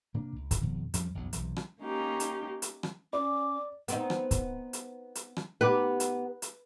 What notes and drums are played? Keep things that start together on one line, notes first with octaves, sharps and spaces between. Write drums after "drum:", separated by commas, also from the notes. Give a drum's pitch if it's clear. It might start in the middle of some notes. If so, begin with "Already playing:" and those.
C3 A#3 D4
C#2
drum: kick, hi-hat
F2 B2 D#3
F2 F3 G3 C#4, drum: hi-hat
F#1 B1 E2 F#3
B1 C3 E3, drum: hi-hat
drum: rim click
A#3 C#4 D#4 G4
drum: hi-hat
drum: hi-hat
drum: rim click
C#4 D5 D6
B3 C4 D#4, drum: hi-hat
drum: rim click
drum: kick, hi-hat
drum: hi-hat
drum: hi-hat
drum: rim click
B3 D#4 G4 B4
drum: hi-hat
drum: hi-hat